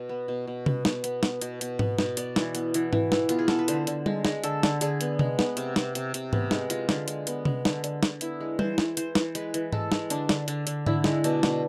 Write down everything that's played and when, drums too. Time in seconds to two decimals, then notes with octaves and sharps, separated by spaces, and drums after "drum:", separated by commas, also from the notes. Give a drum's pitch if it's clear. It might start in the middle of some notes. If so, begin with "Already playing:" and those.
Already playing: B2
0.09 B3
0.28 B2
0.47 B2
0.66 B3, drum: tom C3
0.85 B2, drum: snare
1.04 B3, drum: hi-hat
1.23 B3, drum: snare
1.41 B2, drum: hi-hat
1.61 B2, drum: hi-hat
1.79 B3, drum: tom G#2
1.99 B2, drum: snare
2.17 B3 D5, drum: hi-hat
2.36 E3, drum: snare
2.55 B3, drum: hi-hat
2.74 E3, drum: hi-hat
2.93 E3, drum: tom G#2
3.12 E3, drum: snare
3.29 B3 F4, drum: hi-hat
3.39 G#4
3.48 B3 A4, drum: snare
3.59 B4
3.68 D3 C5, drum: hi-hat
3.87 D3, drum: hi-hat
4.06 G#3, drum: tom G3
4.25 G#3, drum: snare
4.44 D3 A4, drum: hi-hat
4.63 D3, drum: snare
4.81 D3 G#4, drum: hi-hat
5.01 B3, drum: hi-hat
5.19 G#3, drum: tom C3
5.39 B3, drum: snare
5.57 C3, drum: hi-hat
5.76 C3, drum: snare
5.95 C3, drum: hi-hat
6.14 C3, drum: hi-hat
6.33 B3, drum: tom G#2
6.51 G#3, drum: snare
6.70 G#3 F4, drum: hi-hat
6.89 D3, drum: snare
7.08 G#3, drum: hi-hat
7.27 B3, drum: hi-hat
7.45 G#3, drum: tom C3
7.65 D3, drum: snare
7.84 D3, drum: hi-hat
8.03 D3, drum: snare
8.21 B3 E4, drum: hi-hat
8.41 G#3
8.59 E3 C5, drum: tom G3
8.78 E3, drum: snare
8.97 E3 C5, drum: hi-hat
9.15 E3, drum: snare
9.35 G#3 B4, drum: hi-hat
9.54 E3, drum: hi-hat
9.73 G#3 A4, drum: tom G#2
9.92 G#3, drum: snare
10.10 D3 D4, drum: hi-hat
10.29 D3, drum: snare
10.48 D3 D4, drum: hi-hat
10.67 D3, drum: hi-hat
10.86 D3 E4, drum: tom G#2
11.04 G#3, drum: snare
11.24 B2 D4, drum: hi-hat
11.43 B2, drum: snare